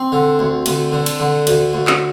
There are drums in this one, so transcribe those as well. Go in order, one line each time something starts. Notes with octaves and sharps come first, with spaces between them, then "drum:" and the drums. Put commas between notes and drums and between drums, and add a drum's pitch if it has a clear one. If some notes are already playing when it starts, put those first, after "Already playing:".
Already playing: C4
D3
D2
D2, drum: cymbal
D3
drum: cymbal
D3
D2, drum: cymbal
D2
drum: clap